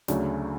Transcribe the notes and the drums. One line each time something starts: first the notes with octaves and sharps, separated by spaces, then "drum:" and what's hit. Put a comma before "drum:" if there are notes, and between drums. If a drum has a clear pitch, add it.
D2 C#3 F#3 A3 D4, drum: snare